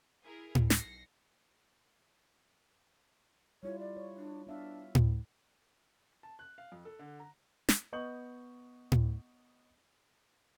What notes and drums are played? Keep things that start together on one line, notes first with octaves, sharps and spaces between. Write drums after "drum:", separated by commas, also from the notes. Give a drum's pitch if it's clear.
E4 G#4 A#4
drum: tom A2
B1 A#6 C7 C#7, drum: snare
G3 E4 F4 C#5
D5
C#5
D4
B3 D4 E5 F5
drum: tom A2
A5
F#6
F5
F2
A4
D3
A#5
drum: snare
B3 D#5 C#6 G6 F#7
drum: tom A2